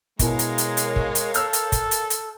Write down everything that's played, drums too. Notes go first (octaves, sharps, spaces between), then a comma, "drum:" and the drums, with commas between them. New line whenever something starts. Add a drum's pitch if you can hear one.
B2 G#3 E4 A#4 C#5 F5 G#5, drum: kick, hi-hat
drum: hi-hat
drum: hi-hat
drum: hi-hat
drum: kick
drum: hi-hat
A4 E6 F6 G6, drum: hi-hat
drum: hi-hat
drum: kick, hi-hat
drum: hi-hat
drum: hi-hat